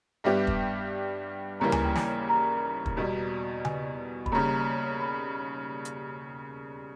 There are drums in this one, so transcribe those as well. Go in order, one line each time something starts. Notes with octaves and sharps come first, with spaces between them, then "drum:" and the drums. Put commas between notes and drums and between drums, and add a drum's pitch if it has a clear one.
G2 G3 B3 G4 E5
drum: kick
D#2 C#3 E3 G3 A#3 A#5
G#5, drum: tom D2
G5
G#5, drum: snare
A#5
drum: kick
E2 B2 G3
G#5, drum: tom C#3
B5, drum: kick
D#2 C#3 G3 A#5
B5
drum: hi-hat